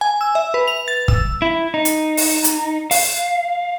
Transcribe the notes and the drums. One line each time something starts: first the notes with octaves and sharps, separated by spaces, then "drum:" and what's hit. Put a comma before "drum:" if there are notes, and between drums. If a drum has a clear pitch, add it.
G#5
E6
E5
B4
F7
A6
E6, drum: kick
E4
D#4
drum: hi-hat
drum: open hi-hat
drum: hi-hat
F5, drum: open hi-hat